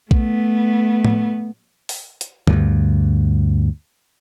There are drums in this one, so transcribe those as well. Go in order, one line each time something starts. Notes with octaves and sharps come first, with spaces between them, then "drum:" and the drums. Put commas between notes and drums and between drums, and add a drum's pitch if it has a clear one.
A3 B3, drum: kick A#1
drum: tom A2
drum: open hi-hat
drum: hi-hat
D2 G2, drum: tom